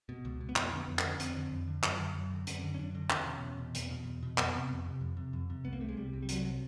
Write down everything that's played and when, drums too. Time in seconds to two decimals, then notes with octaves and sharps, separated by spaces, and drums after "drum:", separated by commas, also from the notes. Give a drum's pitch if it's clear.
0.09 B2
0.25 C#2
0.41 B2
0.49 B3
0.56 F2 A#3, drum: clap
0.72 D3 B3
0.88 F2
0.99 C#4, drum: clap
1.04 D3
1.20 F2 C4, drum: hi-hat
1.36 D3
1.52 F2
1.68 D3
1.83 F#2, drum: clap
1.99 D3
2.15 F#2
2.31 D3
2.47 F#2 C#4, drum: hi-hat
2.64 D3
2.74 C#4
2.79 F#2 D4
2.95 D3
3.10 E2 C#4, drum: clap
3.26 B2
3.43 E2
3.58 B2
3.75 E2, drum: hi-hat
3.91 B2
4.06 E2
4.23 B2
4.38 F2 B3, drum: clap
4.53 C3
4.70 F2
4.86 C3
5.01 F2
5.17 C3
5.33 F2
5.50 C3
5.65 C2 B3
5.73 A#3
5.81 C3 A3
5.89 G#3
5.97 C2 G3
6.13 C3
6.22 G3
6.29 C2 F#3, drum: hi-hat
6.45 C3